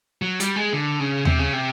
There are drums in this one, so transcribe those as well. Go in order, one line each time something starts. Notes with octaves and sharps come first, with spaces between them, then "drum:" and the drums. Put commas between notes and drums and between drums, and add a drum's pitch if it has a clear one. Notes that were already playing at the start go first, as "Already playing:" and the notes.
F#3
G3, drum: hi-hat
G#3
D3
C#3
C3, drum: tom D#2
C#3
C3